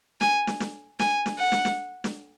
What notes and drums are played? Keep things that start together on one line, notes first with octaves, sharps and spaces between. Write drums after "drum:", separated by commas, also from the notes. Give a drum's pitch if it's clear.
G#5, drum: snare
drum: snare
drum: snare
G#5, drum: snare
drum: snare
F#5
drum: snare
drum: snare
drum: snare